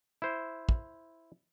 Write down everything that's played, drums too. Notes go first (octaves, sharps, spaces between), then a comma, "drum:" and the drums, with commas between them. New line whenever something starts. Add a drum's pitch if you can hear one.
E4 C5
drum: kick